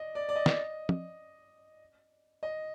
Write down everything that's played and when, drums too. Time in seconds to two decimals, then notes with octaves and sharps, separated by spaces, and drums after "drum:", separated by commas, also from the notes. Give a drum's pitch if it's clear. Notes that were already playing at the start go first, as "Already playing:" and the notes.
Already playing: D5 D#5
0.15 D5
0.29 D5
0.36 D#5
0.46 drum: snare
0.89 drum: tom
2.43 D#5